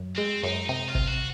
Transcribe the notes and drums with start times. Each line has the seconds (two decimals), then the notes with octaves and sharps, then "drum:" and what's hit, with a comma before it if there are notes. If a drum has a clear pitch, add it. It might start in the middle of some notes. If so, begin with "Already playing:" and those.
Already playing: F#2
0.17 G#3 C4
0.43 F#2 D#4
0.69 C3 D#4
0.88 F4
0.95 C3, drum: kick G1
1.08 F#4